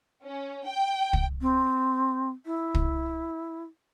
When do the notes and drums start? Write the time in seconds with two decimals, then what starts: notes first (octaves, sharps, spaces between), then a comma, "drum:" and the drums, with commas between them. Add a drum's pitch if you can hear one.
0.24 C#4
0.65 G5
1.13 drum: kick
1.40 C4
2.45 E4
2.74 drum: kick